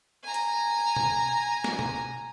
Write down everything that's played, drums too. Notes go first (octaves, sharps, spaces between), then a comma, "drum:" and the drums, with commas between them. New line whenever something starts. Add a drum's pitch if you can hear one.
G#5 A#5
drum: hi-hat
drum: tom
drum: snare
drum: tom